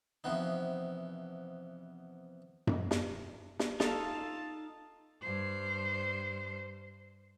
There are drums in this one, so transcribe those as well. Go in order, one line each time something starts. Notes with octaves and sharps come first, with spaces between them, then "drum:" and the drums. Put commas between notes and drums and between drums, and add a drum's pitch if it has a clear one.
E2 C3 F3 B3 D#4
drum: tom F#2
drum: snare
drum: snare
D#4 F4 A4 F5 A5, drum: snare
G2 C5